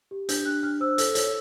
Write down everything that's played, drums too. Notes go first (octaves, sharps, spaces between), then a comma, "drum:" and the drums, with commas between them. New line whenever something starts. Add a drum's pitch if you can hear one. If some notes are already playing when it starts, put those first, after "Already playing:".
G4
D4 G6, drum: hi-hat
D4 F#6
D4 F6
C5 E6
A4, drum: hi-hat
C#5, drum: hi-hat